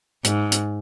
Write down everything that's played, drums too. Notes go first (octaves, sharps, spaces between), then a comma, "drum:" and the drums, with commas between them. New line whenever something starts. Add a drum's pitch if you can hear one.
G#2, drum: hi-hat
drum: hi-hat